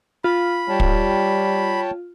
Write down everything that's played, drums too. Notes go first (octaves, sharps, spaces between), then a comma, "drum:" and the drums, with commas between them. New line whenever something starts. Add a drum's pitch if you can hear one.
F4 B5
G3 C#5 G5 A5
drum: kick